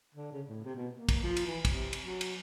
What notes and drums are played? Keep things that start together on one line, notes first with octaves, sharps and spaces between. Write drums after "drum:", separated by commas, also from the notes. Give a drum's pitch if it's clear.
D3
C#3
A2
C3
B2
A#3
drum: kick, cymbal
F3
drum: cymbal
E3
C3, drum: kick, cymbal
drum: cymbal
F#3
drum: cymbal